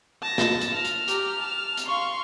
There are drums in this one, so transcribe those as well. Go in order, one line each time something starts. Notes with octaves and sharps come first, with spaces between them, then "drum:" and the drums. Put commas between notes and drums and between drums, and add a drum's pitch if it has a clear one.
A5 A#6
drum: snare
drum: hi-hat
F6
drum: hi-hat
G4 A#5, drum: hi-hat
A5
drum: hi-hat
F5 C6 C#6